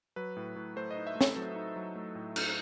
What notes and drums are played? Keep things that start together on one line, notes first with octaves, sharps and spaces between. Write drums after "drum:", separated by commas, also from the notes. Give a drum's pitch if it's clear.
F#3 B4
A2
A2
A3 C5
D#4 D#5
E5
A3
A4, drum: snare
F#3 A4
D#4
F#3
A3
A2
D#4, drum: cymbal